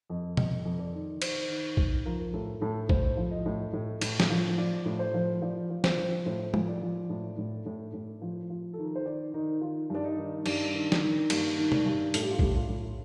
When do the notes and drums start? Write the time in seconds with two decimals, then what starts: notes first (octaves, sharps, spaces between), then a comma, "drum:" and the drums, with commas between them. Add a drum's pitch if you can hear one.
0.10 F2 D#5
0.37 F2 D#5, drum: tom
0.65 F2
0.79 D5
0.93 D#3
1.22 D#3 C5, drum: cymbal
1.49 D#3
1.77 D#3, drum: kick A#1
2.06 F3 A#4
2.33 A2 A4
2.61 A2 A4
2.89 A2 C5, drum: kick A#1
3.17 F3
3.31 D#5
3.46 A2
3.73 A2
4.01 A2, drum: cymbal
4.20 drum: snare
4.29 F3
4.58 F3 D5
4.85 A2
4.99 C5
5.14 F3
5.42 F3 D5
5.70 F3
5.84 C5, drum: snare
5.97 F3
6.26 A2 C5
6.54 F3, drum: tom
6.67 D5
6.82 F3
7.10 A2
7.38 A2
7.66 A2
7.94 A2
8.22 F3
8.50 F3
8.73 D#3 A4
8.85 A#4
8.96 C5
9.06 D#3 D5
9.34 D#3 D#4
9.62 D#3 F4
9.90 G2 D4
10.04 D#4
10.18 D#3
10.46 G2 D4, drum: cymbal
10.74 D#3
10.92 drum: snare
11.02 D#3
11.30 G2 A#3, drum: cymbal
11.58 D#3
11.72 D4, drum: tom
11.86 G2
12.14 A2 A4, drum: hi-hat
12.22 G4
12.31 F4
12.39 A2 G4, drum: kick A#1
12.56 F4
12.70 A2